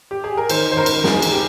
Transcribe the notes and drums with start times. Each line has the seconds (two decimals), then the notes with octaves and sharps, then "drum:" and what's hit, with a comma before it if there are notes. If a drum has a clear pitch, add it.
0.11 G4
0.24 G#4
0.37 A#4
0.50 D#3 C5, drum: cymbal
0.72 C5
0.77 C#2 A#4
0.86 drum: cymbal
1.04 C#2 G#4, drum: snare
1.22 drum: cymbal
1.32 G4